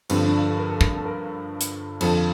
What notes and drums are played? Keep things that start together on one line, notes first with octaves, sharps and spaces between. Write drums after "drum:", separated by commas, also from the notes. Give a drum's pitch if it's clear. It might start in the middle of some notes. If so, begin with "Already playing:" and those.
G2 D3 F3 C4, drum: cymbal
D4
A4
A#4
A4
A#4, drum: kick
A4
A#4
drum: hi-hat
F2 D3 F3 A4, drum: cymbal